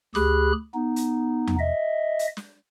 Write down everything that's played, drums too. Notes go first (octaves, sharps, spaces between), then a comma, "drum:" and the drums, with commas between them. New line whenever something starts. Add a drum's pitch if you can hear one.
D2 G4 G#4 B5 F#6, drum: snare
B3 D#4
drum: hi-hat
drum: tom E2
D#5 E5
drum: hi-hat
drum: snare